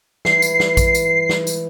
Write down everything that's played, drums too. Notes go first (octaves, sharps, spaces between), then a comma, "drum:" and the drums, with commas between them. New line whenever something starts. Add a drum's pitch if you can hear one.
E3 C7, drum: snare
drum: tambourine
drum: snare
drum: kick A#1, tambourine
drum: tambourine
drum: snare
drum: tambourine